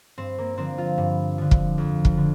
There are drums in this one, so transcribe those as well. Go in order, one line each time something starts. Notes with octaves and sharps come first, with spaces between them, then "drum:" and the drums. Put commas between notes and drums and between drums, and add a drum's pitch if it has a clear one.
G2 C4
A#3
D3 F3 C4
F4
G2
D3 F3
drum: kick
F2
drum: kick
D3